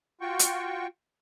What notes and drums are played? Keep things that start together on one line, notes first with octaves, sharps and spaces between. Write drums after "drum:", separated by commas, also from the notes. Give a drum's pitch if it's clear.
F4 F#4 G5 C#6
drum: hi-hat